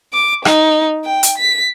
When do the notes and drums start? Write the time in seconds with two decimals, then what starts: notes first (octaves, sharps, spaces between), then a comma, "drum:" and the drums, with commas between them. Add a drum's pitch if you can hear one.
0.13 D6
0.45 D#4, drum: rim click
1.05 G5
1.23 drum: hi-hat
1.38 B6